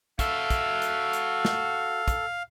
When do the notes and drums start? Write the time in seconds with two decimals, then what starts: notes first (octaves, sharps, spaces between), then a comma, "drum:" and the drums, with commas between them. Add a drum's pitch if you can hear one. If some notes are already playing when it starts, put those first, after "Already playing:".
0.19 F#4 A4 E5 F5, drum: kick, hi-hat
0.50 drum: kick, hi-hat
0.82 drum: hi-hat
1.13 drum: hi-hat
1.45 drum: snare
2.08 drum: kick, hi-hat